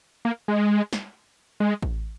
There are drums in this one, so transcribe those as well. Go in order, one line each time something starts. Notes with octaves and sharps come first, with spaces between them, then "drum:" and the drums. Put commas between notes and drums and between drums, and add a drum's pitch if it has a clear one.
A#3
G#3
drum: snare
G#3
drum: kick A1